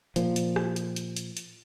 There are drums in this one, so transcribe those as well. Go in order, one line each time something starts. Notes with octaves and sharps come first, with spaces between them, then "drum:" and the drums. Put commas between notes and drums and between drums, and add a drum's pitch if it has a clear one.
A#2 F3, drum: hi-hat
drum: hi-hat
drum: rim click
drum: hi-hat
drum: hi-hat
drum: hi-hat
drum: hi-hat